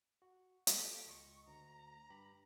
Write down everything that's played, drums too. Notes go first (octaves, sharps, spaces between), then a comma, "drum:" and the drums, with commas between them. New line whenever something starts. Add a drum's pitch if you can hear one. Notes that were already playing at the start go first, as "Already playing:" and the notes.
F#4
G4 A4 D#5, drum: hi-hat
C#2 D#5 C6 C#6
D2 A#5
G2 G4 B5